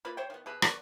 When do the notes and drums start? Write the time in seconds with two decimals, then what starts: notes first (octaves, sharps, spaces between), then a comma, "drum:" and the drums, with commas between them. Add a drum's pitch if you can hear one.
0.05 A#3 F4 B4 B5
0.17 C5 C#5 G5
0.30 D#3 B3
0.46 B2 G#4 B4
0.62 B3 A#4 D5 C#6, drum: rim click